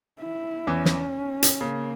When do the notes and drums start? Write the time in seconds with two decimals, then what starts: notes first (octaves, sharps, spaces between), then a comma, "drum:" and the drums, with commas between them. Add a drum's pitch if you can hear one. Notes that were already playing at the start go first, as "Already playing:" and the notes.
0.20 E4
0.67 E2 E3 C#4
0.85 drum: snare
1.42 drum: hi-hat
1.61 C#3 A#3